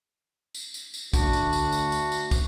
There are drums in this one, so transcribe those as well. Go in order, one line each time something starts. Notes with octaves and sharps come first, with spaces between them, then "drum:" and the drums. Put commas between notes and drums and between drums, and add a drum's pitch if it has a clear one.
drum: tambourine
drum: tambourine
drum: tambourine
D2 A3 D4 F#4, drum: kick, tambourine
drum: tambourine
drum: tambourine
drum: tambourine
drum: tambourine
drum: tambourine
drum: kick, tambourine